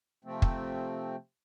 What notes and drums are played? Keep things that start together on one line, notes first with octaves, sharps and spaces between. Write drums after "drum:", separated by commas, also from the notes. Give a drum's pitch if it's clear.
C3 F3 A3 C4
drum: kick